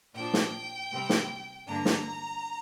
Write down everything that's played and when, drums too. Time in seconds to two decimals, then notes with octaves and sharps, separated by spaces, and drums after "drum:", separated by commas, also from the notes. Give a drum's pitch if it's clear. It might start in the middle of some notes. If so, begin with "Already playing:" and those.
0.15 A#2 F3 D4 G5
0.34 drum: snare
0.91 C3 G3 C4
1.09 drum: snare
1.66 G2 D3 A#3 D4 A#5
1.85 drum: snare